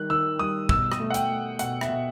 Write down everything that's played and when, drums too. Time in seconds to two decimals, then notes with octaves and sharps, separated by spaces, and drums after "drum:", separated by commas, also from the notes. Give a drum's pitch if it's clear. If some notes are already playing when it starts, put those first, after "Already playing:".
Already playing: D#3 G3 F#6
0.10 D#3 E6
0.39 G3 D#6
0.69 B2 E6, drum: kick
0.92 D#6, drum: rim click
1.00 A3
1.10 F#5
1.14 G5, drum: hi-hat
1.29 A3
1.59 B2 F#5, drum: hi-hat
1.81 E5, drum: rim click
1.89 B2